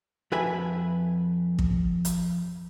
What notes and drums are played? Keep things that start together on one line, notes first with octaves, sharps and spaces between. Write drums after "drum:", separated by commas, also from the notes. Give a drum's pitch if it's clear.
F2 F#4 B4 E5 G#5 B5
drum: kick
drum: hi-hat